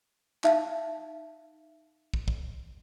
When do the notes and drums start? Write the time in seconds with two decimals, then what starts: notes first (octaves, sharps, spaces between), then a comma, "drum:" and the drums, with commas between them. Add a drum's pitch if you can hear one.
0.44 D#4 E5 F5 A5, drum: clap
2.14 drum: kick
2.28 drum: kick